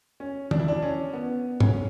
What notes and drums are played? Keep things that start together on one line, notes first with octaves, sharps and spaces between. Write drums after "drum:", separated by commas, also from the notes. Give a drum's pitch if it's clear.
C#4
D4, drum: tom
E4
D4
C#4
B3
C#4, drum: tom